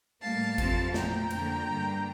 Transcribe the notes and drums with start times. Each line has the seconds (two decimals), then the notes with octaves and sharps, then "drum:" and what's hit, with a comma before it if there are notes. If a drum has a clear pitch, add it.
0.21 A2 G3 A#3 F5 A5
0.58 F2 C3 F3 C4, drum: kick G#1, cymbal
0.94 A#2 F3 A3 G5 A#5, drum: snare
1.31 F2 D3 F3 A#3, drum: cymbal
1.67 G2 D3 G3 A#3